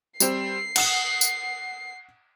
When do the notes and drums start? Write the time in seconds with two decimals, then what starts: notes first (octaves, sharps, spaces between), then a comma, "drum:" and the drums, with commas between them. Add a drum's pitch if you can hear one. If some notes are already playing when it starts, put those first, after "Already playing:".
0.20 G3 C4 C7, drum: tambourine
0.76 F#5 D#6 E7, drum: cymbal
1.21 drum: tambourine